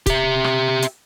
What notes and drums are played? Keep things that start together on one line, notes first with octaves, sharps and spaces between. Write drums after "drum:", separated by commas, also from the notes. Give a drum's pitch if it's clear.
G4 E5, drum: kick, hi-hat
drum: rim click
drum: hi-hat